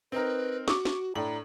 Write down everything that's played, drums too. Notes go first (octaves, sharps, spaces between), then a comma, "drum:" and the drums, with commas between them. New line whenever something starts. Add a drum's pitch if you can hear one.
C4 D#4 A#4 B4
F#4 C#6 D6, drum: snare
drum: snare
A2 D4 A#5 F#7